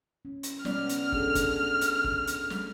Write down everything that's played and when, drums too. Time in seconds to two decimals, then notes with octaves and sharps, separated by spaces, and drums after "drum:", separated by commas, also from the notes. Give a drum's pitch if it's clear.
0.25 C#4
0.43 drum: hi-hat
0.65 B3 C#4 D5 F6, drum: snare
0.89 drum: hi-hat
1.12 D4 G#4 A4, drum: kick
1.35 drum: kick, hi-hat
1.81 drum: hi-hat
2.04 drum: kick
2.27 drum: hi-hat
2.50 drum: snare